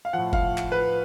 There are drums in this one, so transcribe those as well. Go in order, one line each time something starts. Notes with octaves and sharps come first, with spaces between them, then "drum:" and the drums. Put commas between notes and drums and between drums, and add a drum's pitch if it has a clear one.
F5
A2 F3 F#5
F5, drum: kick F#1
drum: clap
B4